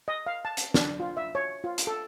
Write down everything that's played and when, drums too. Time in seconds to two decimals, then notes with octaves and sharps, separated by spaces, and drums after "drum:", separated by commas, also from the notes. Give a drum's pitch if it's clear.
0.08 D#5
0.26 F5
0.45 A5
0.57 drum: hi-hat
0.74 D4, drum: snare
1.00 F4
1.17 E5
1.35 C#5
1.64 F4
1.78 drum: hi-hat
1.87 A4